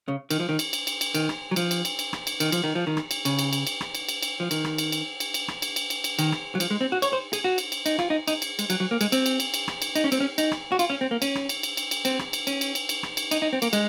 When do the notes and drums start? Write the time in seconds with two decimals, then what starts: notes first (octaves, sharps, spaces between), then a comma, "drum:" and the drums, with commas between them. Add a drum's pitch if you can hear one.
0.08 C#3
0.30 D#3, drum: cymbal
0.40 F3
0.49 D#3
0.59 drum: cymbal
0.73 drum: cymbal
0.87 drum: cymbal
1.01 drum: cymbal
1.15 D#3, drum: cymbal
1.29 drum: rim click
1.51 F#3
1.56 F3, drum: cymbal
1.71 drum: cymbal
1.85 drum: cymbal
1.99 drum: cymbal
2.13 drum: rim click
2.27 drum: cymbal
2.40 D#3, drum: cymbal
2.52 F3, drum: cymbal
2.64 D#3
2.75 F3
2.87 D#3
2.97 drum: rim click
3.11 drum: cymbal
3.25 C#3, drum: cymbal
3.39 drum: cymbal
3.53 drum: cymbal
3.67 drum: cymbal
3.81 drum: rim click
3.95 drum: cymbal
4.09 drum: cymbal
4.22 drum: cymbal
4.40 F3
4.51 D#3, drum: cymbal
4.64 drum: rim click
4.78 drum: cymbal
4.92 drum: cymbal
5.20 drum: cymbal
5.34 drum: cymbal
5.48 drum: rim click
5.62 drum: cymbal
5.76 drum: cymbal
5.90 drum: cymbal
6.04 drum: cymbal
6.19 D#3, drum: cymbal
6.32 drum: rim click
6.55 F#3
6.60 F3, drum: cymbal
6.71 G#3
6.81 C4
6.92 F#4
7.02 C#5, drum: cymbal
7.13 C5
7.33 G#4, drum: cymbal
7.44 F#4
7.58 drum: cymbal
7.72 drum: cymbal
7.86 D#4, drum: cymbal
7.99 F4, drum: rim click
8.10 D#4
8.28 D#4, drum: cymbal
8.42 drum: cymbal
8.59 G#3, drum: cymbal
8.70 F#3, drum: cymbal
8.80 F#3
8.91 A#3
9.01 G#3, drum: cymbal
9.12 C4, drum: cymbal
9.26 drum: cymbal
9.40 drum: cymbal
9.54 drum: cymbal
9.68 drum: rim click
9.82 drum: cymbal
9.96 D#4, drum: cymbal
10.04 C#4
10.12 C4, drum: cymbal
10.20 C#4
10.38 D#4, drum: cymbal
10.52 drum: rim click
10.72 F#4
10.79 F4, drum: cymbal
10.90 C#4
11.01 C4
11.11 A#3
11.22 C#4, drum: cymbal
11.35 drum: rim click
11.49 drum: cymbal
11.63 drum: cymbal
11.77 drum: cymbal
11.91 drum: cymbal
12.05 C4, drum: cymbal
12.19 drum: rim click
12.33 drum: cymbal
12.47 C#4, drum: cymbal
12.61 drum: cymbal
12.75 drum: cymbal
12.89 drum: cymbal
13.03 drum: rim click
13.17 drum: cymbal
13.31 D#4, drum: cymbal
13.42 D#4
13.53 C4
13.62 A#3, drum: cymbal
13.73 G#3, drum: cymbal